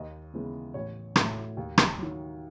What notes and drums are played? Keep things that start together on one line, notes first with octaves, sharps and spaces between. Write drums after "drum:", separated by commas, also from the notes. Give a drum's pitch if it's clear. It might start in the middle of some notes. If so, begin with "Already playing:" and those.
Already playing: D#2 D#5
C#3 E3 G#3 B3
A1 C#5
A2 F#3, drum: rim click
D#2
drum: rim click
D#3 F#3